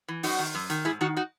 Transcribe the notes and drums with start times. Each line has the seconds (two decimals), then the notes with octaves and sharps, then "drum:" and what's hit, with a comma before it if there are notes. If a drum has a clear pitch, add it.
0.08 E3
0.23 F#2 D#4 F#4, drum: open hi-hat
0.39 D#3
0.55 F#2
0.70 D#3, drum: hi-hat
0.85 G#2 E4 G#4
1.01 D#3 D#4 F#4
1.17 D#4 F#4